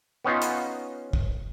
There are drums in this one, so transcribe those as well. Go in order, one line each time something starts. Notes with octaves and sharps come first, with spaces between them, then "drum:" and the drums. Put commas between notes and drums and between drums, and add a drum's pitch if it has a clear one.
B3 C#4 D#4 F4
drum: hi-hat
drum: kick